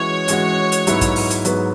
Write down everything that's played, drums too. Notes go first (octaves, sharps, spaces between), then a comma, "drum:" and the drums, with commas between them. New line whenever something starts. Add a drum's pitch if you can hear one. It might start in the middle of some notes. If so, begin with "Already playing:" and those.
Already playing: E3 G#3 C#4 F#4 C#5
E3 G#3 C#4 F#4, drum: hi-hat
drum: hi-hat
G#2 F#3 B3 E4 B4, drum: hi-hat
drum: kick, hi-hat
drum: open hi-hat
drum: hi-hat
G#2 F#3 B3 E4 B4, drum: hi-hat